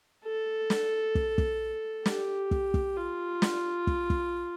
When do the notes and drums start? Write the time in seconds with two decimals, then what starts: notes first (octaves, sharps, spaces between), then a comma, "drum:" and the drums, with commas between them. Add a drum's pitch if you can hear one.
0.25 A4
0.70 drum: snare
1.15 drum: kick
1.38 drum: kick
2.06 G4, drum: snare
2.51 drum: kick
2.74 drum: kick
2.97 F4
3.42 drum: snare
3.87 drum: kick
4.10 drum: kick